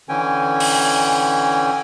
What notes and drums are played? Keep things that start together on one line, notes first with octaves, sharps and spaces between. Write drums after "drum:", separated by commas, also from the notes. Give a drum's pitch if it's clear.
D3 E3 C#4 G5 G#5
drum: open hi-hat